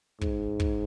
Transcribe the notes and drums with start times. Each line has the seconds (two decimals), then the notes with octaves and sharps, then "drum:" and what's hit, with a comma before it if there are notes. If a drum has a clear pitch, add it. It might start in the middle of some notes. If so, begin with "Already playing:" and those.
0.21 G#2, drum: kick
0.60 drum: kick